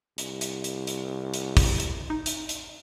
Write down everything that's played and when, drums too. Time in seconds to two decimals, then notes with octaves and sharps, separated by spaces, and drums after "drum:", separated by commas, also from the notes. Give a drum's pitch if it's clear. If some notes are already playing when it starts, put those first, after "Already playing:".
0.18 C2, drum: hi-hat
0.41 drum: hi-hat
0.64 drum: hi-hat
0.87 drum: hi-hat
1.34 drum: hi-hat
1.57 drum: kick, open hi-hat
1.80 drum: hi-hat
2.10 D#4
2.26 drum: hi-hat
2.49 drum: hi-hat